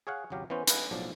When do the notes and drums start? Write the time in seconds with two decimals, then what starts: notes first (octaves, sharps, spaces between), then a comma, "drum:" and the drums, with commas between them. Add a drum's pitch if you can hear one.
0.07 G#4 C#5 F5 F#5
0.30 G#1 C#2 F#3 G4 F5
0.50 E3 B3 C#4 C5
0.67 B4 D#5 F5 F#5 G#5, drum: hi-hat
0.91 B1 A2 F3 F#3 D5